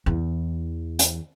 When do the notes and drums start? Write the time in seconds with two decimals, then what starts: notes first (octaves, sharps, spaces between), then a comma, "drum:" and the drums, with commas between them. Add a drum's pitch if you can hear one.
0.06 E2 E3
0.99 drum: hi-hat